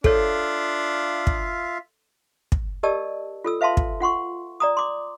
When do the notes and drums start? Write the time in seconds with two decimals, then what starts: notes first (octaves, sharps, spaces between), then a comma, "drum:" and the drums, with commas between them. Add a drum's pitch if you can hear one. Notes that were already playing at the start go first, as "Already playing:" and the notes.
0.04 D4 F4 A4 C#5 E5 F5, drum: kick
1.27 drum: kick
2.52 drum: kick
2.83 G4 A#4 D5 D#5 A5 E6
3.44 F4 A4 E6
3.61 B4 E5 F5 A5 C6
3.77 drum: kick
4.00 F4 F#5 C6 C#6
4.60 D5 A#5 D#6
4.77 C6 D6